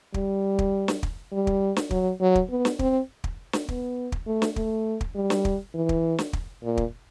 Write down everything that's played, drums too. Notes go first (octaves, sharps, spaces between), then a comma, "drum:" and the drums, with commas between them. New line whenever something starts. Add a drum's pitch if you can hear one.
G3, drum: kick
drum: kick
drum: snare
drum: kick
G3
drum: kick
drum: snare
F#3, drum: kick
F#3
drum: kick
B3
drum: snare
C4, drum: kick
drum: kick
drum: snare
B3, drum: kick
drum: kick
A3
drum: snare
A3, drum: kick
drum: kick
G3
drum: snare
drum: kick
E3
drum: kick
drum: snare
drum: kick
A#2
drum: kick